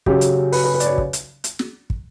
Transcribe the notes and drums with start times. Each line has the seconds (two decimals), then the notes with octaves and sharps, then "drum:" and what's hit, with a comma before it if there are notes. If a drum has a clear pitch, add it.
0.06 C#3 F#3 C#4 G4, drum: kick
0.21 drum: hi-hat
0.52 B4, drum: open hi-hat
0.64 B4
0.74 B4
0.80 D5, drum: hi-hat
0.86 C#5
0.98 drum: kick
1.13 drum: hi-hat
1.44 drum: hi-hat
1.59 drum: snare
1.90 drum: kick